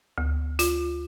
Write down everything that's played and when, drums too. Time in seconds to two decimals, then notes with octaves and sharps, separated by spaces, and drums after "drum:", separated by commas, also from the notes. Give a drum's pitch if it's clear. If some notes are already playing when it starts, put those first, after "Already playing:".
0.18 D2
0.59 F4, drum: hi-hat